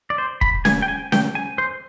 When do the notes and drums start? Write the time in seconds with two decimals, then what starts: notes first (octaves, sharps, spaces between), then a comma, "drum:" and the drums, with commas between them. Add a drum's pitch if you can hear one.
0.10 D5
0.18 C5
0.41 B5, drum: kick
0.65 G#5, drum: snare C#4
0.82 G5
0.88 G#5
1.12 G5, drum: snare C#4
1.35 G#5
1.58 C5